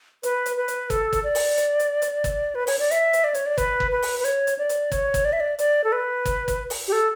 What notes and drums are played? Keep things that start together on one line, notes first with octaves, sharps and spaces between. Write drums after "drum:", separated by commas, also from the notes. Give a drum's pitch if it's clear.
B4, drum: hi-hat
drum: hi-hat
B4
drum: hi-hat
A4, drum: kick, hi-hat
drum: kick, hi-hat
D5
drum: open hi-hat
drum: hi-hat
drum: hi-hat
drum: hi-hat
drum: kick, hi-hat
B4
C#5, drum: open hi-hat
D5
E5, drum: hi-hat
drum: hi-hat
D5
C#5, drum: hi-hat
D5
B4, drum: kick, hi-hat
drum: kick
B4
drum: open hi-hat
B4
C#5, drum: hi-hat
drum: hi-hat
D5
drum: hi-hat
C#5, drum: kick, hi-hat
drum: kick, hi-hat
D5
E5
D5
D5, drum: hi-hat
A4
B4
drum: kick, hi-hat
drum: kick, hi-hat
drum: open hi-hat
G4
A4